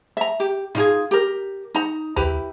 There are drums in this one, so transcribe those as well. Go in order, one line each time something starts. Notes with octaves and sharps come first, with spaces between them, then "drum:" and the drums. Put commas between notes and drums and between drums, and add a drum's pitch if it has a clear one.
E5 A#5
G4
D#4 F4 G4 G#4, drum: snare
G4 A#4
D#4 A#5
E4 G4 B4 A#5, drum: tom D#2